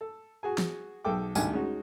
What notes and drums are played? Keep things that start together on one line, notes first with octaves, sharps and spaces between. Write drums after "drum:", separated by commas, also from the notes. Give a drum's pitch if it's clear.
A4
F#4 G#4 G#5
drum: snare F3
B1 G#4 A4 G5 D6
A1 D2 D#3 G3 G4 G#5, drum: tambourine
G#3 C#4 D#4 F#4